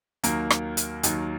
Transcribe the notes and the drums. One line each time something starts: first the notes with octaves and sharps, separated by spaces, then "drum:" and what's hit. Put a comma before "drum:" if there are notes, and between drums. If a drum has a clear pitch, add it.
D#2 D#3 F#3 A#3, drum: hi-hat
drum: rim click
drum: hi-hat
D#2 D#3 F#3, drum: hi-hat